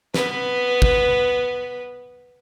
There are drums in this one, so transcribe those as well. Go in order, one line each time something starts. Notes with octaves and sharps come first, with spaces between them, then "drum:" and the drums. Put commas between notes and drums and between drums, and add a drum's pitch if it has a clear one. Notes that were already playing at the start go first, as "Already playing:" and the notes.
B3 B4, drum: snare
drum: kick